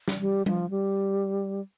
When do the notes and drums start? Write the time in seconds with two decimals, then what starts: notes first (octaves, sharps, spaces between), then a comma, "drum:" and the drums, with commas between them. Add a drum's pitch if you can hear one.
0.08 drum: snare
0.20 G3
0.46 F3, drum: tom G3
0.71 G3